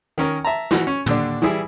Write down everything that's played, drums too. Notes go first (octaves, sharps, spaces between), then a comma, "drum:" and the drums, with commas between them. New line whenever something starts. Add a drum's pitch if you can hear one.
D#3 C#4 A#4
E5 A5 A#5
E3 F#4, drum: snare
C#4
D#2 D3 D4, drum: tom
E3 G3 E4 G#4